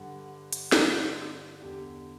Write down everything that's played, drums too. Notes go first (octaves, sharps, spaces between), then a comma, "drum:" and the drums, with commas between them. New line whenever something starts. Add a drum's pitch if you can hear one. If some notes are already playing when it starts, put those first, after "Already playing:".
Already playing: G2 D3 F#5
drum: hi-hat
G2 D3, drum: snare
E2 D3 G4